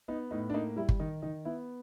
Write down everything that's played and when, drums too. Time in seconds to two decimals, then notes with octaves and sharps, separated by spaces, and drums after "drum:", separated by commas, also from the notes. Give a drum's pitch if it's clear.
0.08 B3 D#4
0.31 A2 D#4
0.50 D4
0.54 A#3 D#4
0.76 G3 E4
0.89 drum: kick G1
1.00 D#3 D#4
1.22 D#3 D#4
1.45 B3 E4